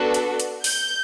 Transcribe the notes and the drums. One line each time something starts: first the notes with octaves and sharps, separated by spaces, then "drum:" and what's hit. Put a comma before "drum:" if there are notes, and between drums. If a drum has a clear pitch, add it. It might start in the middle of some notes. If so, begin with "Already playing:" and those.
Already playing: B3 D4 F#4 A4
drum: hi-hat
drum: hi-hat
G6, drum: open hi-hat